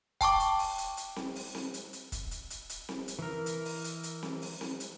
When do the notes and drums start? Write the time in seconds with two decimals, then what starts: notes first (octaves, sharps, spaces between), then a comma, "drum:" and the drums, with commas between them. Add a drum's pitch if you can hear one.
0.21 G5 A5 C#6 D6, drum: kick, hi-hat
0.40 drum: hi-hat
0.59 drum: open hi-hat
0.78 drum: hi-hat
0.97 drum: hi-hat
1.16 drum: snare C4
1.36 drum: open hi-hat
1.55 drum: snare C4
1.74 drum: hi-hat
1.93 drum: hi-hat
2.12 drum: kick, hi-hat
2.31 drum: hi-hat
2.50 drum: hi-hat
2.69 drum: hi-hat
2.89 drum: snare C4
3.08 drum: hi-hat
3.19 E3 A#4
3.46 drum: hi-hat
3.65 drum: open hi-hat
3.84 drum: hi-hat
4.03 drum: hi-hat
4.23 drum: snare C4
4.42 drum: open hi-hat
4.61 drum: snare C4
4.80 drum: hi-hat